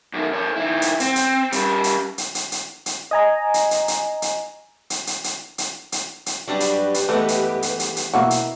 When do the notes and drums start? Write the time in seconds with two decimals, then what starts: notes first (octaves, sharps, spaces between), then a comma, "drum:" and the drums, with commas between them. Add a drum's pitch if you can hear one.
0.14 F#2 D#3
0.33 F2 C#5
0.56 D#3 E4
0.82 drum: hi-hat
1.00 C4, drum: hi-hat
1.16 drum: hi-hat
1.52 G3 C#4, drum: hi-hat
1.84 drum: hi-hat
2.18 drum: hi-hat
2.35 drum: hi-hat
2.52 drum: hi-hat
2.86 drum: hi-hat
3.11 D#5 G#5 A#5
3.54 drum: hi-hat
3.71 drum: hi-hat
3.88 drum: hi-hat
4.22 drum: hi-hat
4.90 drum: hi-hat
5.07 drum: hi-hat
5.24 drum: hi-hat
5.58 drum: hi-hat
5.92 drum: hi-hat
6.26 drum: hi-hat
6.47 F#3 G3 D4 G4 B4
6.60 drum: hi-hat
6.94 drum: hi-hat
7.09 E3 G#3 A3 B3
7.28 drum: hi-hat
7.62 drum: hi-hat
7.79 drum: hi-hat
7.96 drum: hi-hat
8.13 B2 A#3 E4 F#4
8.31 drum: hi-hat